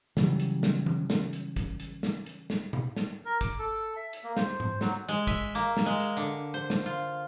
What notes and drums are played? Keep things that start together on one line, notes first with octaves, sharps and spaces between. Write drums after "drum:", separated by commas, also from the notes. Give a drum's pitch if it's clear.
C#3 E3 F#3 G3, drum: snare
drum: hi-hat
drum: snare
drum: tom D#3
drum: snare
drum: hi-hat
drum: kick, hi-hat
drum: hi-hat
drum: snare
drum: hi-hat
drum: snare
drum: tom B2
drum: snare
A#4
D6, drum: kick, hi-hat
A4
E5
drum: hi-hat
A#3
C5, drum: snare
drum: tom G#2
F#3, drum: snare
G#3, drum: hi-hat
E5, drum: kick, hi-hat
A#3, drum: hi-hat
drum: snare
G#3
drum: hi-hat
D3
C5
drum: snare
F4